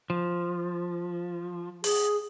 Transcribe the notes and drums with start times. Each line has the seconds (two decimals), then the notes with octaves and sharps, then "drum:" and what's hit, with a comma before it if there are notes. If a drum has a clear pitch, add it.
0.10 F3
1.84 G#4, drum: open hi-hat